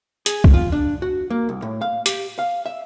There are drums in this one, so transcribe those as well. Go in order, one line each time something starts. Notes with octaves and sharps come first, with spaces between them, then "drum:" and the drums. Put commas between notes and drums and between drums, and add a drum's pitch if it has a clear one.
G#4, drum: hi-hat
drum: kick
F4
D4
F#4
A#3
C2
A2
F5
G4, drum: hi-hat
F5
E5